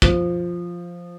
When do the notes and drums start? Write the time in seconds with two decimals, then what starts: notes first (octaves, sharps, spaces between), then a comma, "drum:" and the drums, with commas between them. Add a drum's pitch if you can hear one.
0.02 F3, drum: kick